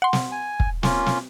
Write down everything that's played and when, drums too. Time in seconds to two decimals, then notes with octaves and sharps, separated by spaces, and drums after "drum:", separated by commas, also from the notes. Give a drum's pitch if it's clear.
0.02 F#5 C6
0.13 drum: snare
0.32 G#5
0.60 drum: kick
0.83 A#3 C#4 F4, drum: snare
1.06 drum: snare